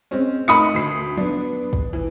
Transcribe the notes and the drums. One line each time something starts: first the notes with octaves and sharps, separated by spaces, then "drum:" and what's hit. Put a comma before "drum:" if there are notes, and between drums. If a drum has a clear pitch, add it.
G#3 C4 C#4
A3 D#4 A#4 B5 D#6 C#7
D2 C7
B3 D4, drum: tom F3
drum: kick
E3